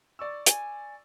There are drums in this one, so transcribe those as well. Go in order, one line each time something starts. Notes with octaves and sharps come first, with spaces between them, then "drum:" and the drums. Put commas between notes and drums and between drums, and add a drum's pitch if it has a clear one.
D5 C#6 E6
G#5, drum: hi-hat